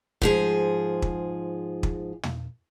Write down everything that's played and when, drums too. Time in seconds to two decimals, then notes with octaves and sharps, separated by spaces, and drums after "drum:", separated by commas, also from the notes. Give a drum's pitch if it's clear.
0.22 G#2 F3 G#4, drum: kick
1.02 drum: kick
1.83 drum: kick
2.23 drum: tom